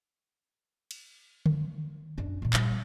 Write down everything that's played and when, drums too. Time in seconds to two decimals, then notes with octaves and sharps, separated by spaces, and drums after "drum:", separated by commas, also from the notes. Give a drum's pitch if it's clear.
0.91 drum: cymbal
1.46 drum: tom D3
2.18 F#2 D4
2.42 A#2 D#3
2.53 G3 B3, drum: clap